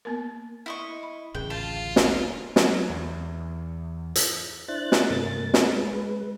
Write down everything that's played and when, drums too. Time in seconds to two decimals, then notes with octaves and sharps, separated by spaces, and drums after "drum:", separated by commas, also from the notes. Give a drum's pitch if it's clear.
0.05 A#3 B3 A#4
0.66 E4 D#5 C#6
1.03 B5
1.35 D1 A1 C#3 G#4 G5
1.50 F4 A5
1.76 F5
1.96 drum: snare
2.56 F#3, drum: snare
2.90 E2
4.15 drum: hi-hat
4.68 D4 E4 C5 F#6 A6
4.92 drum: snare
5.10 G2 C3 A3 A#3 A6
5.54 G#3 B4, drum: snare